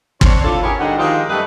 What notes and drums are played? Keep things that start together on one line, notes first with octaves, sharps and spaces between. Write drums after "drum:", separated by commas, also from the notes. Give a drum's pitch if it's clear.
C4 D4 C#5, drum: kick
F3 D4 E4 F4 A4
C#4 E4 G4 G#4 A#4 C#5
G2 D3 G#3 C4 D#4 F#4
D#3 F3 G#3 D#4 F4 G4
F#2 G3 A3 B4 D#5